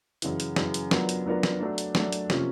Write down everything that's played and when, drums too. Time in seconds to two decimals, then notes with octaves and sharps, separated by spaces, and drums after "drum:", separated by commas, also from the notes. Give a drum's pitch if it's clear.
0.22 F#2 C#3 E3, drum: hi-hat
0.40 drum: hi-hat
0.56 F#2 C#3 E3, drum: snare
0.74 drum: hi-hat
0.91 F#3 B3 D4 F4 A#4, drum: snare
1.09 drum: hi-hat
1.26 F#3 B3 D4 F4 A#4
1.43 drum: snare
1.60 F#3 A3 D4
1.78 drum: hi-hat
1.95 F#3 A3 D4, drum: snare
2.12 drum: hi-hat
2.30 C3 F3 A#3 C#4 F4, drum: snare